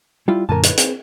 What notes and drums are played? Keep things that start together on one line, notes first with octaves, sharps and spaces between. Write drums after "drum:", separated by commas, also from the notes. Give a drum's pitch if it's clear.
G3 E4 F4
F#2 A#2 D3 A#4 G#5 A5
B4, drum: hi-hat
C4 G#4, drum: hi-hat